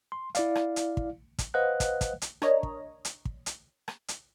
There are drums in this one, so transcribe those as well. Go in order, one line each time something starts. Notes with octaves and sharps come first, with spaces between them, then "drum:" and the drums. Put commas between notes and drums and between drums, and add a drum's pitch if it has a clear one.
C6
E4 D5 F5, drum: hi-hat
drum: rim click
drum: hi-hat
drum: kick
drum: kick, hi-hat
B4 C5 D#5 F5 F#5 F#6
drum: kick, hi-hat
drum: kick, hi-hat
drum: hi-hat
D4 A#4 C#5 D#5 A#5, drum: rim click
drum: kick
drum: hi-hat
drum: kick
drum: hi-hat
drum: rim click
drum: hi-hat